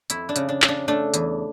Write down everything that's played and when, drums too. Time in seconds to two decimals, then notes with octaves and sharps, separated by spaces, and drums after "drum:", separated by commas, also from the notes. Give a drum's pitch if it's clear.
0.10 F2 E4, drum: hi-hat
0.29 D4
0.36 C#3, drum: hi-hat
0.49 D4
0.62 C#3, drum: clap
0.68 D4
0.88 A3 D4
1.14 E2, drum: hi-hat